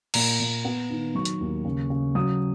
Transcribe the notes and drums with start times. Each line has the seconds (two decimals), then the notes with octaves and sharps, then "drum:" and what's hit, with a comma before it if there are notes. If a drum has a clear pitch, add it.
0.14 A#2 A#5, drum: cymbal
0.40 A#2
0.65 B3
0.90 D#3
1.15 F#3 C#6
1.25 drum: hi-hat
1.41 D#2
1.65 C#3
1.90 C#3
2.15 F#3 D#6